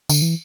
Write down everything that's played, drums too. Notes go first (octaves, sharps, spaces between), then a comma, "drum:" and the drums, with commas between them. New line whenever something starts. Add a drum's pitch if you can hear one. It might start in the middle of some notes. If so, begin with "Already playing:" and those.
D3, drum: tambourine
E3